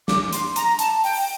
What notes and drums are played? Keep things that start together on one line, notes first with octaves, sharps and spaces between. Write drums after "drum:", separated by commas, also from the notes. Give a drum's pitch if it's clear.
D6, drum: snare
C6, drum: hi-hat
A#5, drum: hi-hat
A5, drum: hi-hat
G5, drum: open hi-hat